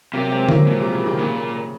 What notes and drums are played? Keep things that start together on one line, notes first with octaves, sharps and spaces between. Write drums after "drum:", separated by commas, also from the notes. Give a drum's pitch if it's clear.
C3 F#3 A#3
G#3 C4
F#3 A#3, drum: tom D3
A#2 F3 G#3
C3
C#3
C3 D#3
A#2 C#3